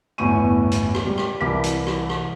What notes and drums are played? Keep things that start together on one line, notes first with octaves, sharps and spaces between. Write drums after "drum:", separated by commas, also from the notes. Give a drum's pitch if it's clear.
G1 E2 A2 G#5 C#6 D#7
drum: hi-hat
drum: rim click
G3
drum: rim click
C2 E3 E4 A#4 D6 B6
drum: hi-hat
drum: rim click
drum: rim click